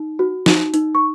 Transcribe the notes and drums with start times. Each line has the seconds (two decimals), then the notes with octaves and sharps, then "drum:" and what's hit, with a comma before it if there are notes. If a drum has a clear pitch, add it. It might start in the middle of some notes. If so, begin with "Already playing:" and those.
Already playing: D#4
0.19 F#4
0.46 D#4, drum: snare
0.74 D#4, drum: hi-hat
0.95 C#6